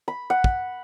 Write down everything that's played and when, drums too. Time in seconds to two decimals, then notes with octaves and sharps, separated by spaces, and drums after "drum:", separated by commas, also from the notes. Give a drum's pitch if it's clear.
0.08 B5
0.30 F#5
0.44 drum: kick